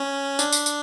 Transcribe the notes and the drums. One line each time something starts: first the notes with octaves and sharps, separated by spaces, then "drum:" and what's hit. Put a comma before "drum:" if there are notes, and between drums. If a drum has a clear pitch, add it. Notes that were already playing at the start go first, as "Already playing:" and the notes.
Already playing: C#4
D4, drum: tambourine
drum: tambourine
drum: tambourine